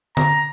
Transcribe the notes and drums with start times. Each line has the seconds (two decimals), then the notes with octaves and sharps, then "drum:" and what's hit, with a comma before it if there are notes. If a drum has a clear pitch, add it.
0.17 A#5, drum: tom D3